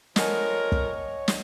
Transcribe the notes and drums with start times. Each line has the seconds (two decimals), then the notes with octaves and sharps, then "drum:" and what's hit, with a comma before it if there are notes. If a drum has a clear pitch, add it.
0.16 F3 A4 A#4 C#5 D#5 F#5 G#5, drum: snare
0.72 drum: kick
1.28 drum: snare